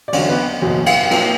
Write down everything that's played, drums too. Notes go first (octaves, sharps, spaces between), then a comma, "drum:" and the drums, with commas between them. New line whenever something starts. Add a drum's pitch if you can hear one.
D5
E2 D3 F#3 C#4 C#5, drum: cymbal
B3 B4
F#1 E2 B2 F#3
drum: cymbal
A#1 A#2 F#3, drum: cymbal